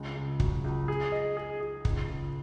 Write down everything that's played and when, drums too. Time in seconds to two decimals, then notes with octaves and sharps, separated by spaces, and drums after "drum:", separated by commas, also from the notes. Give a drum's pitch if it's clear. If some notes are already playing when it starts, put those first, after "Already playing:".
Already playing: C#2 G#3
0.15 C#2
0.40 F#3, drum: kick
0.64 C#2
0.88 G#4
1.12 D#5
1.37 G#4
1.61 G#4
1.85 C#2, drum: kick
2.09 C#2